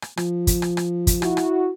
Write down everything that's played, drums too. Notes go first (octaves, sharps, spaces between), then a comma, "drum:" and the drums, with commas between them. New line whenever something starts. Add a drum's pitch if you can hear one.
drum: rim click
F3, drum: rim click
drum: kick, hi-hat
drum: rim click
drum: rim click
drum: kick, hi-hat
E4 F#4, drum: rim click
drum: rim click